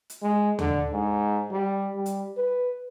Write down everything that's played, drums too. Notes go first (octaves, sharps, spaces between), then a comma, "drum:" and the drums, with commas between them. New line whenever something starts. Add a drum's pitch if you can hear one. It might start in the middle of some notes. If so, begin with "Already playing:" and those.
drum: hi-hat
G#3
D3, drum: tom D#2
G#2
G3
G3
drum: hi-hat
B4